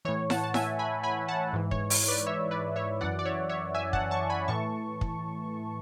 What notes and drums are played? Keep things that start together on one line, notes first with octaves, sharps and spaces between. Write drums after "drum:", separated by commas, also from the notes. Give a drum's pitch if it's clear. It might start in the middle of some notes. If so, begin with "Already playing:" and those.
A2 E3 C#5
F#5 A5, drum: snare E4
A5
E5 G#5, drum: snare E4
G#5 B5
G#5 B5
F#5 A5
G#2 E3
C#5, drum: kick
C#5, drum: open hi-hat
B4 D5
C#5 E5
B4 D5
C#5 E5
F#2 E3 D5 F#5
D5
C#5 E5
C#5 E5
E5 G#5
F#5 A5, drum: kick
A5 C#6
G#5 B5
A2 E3 A5 C#6
drum: kick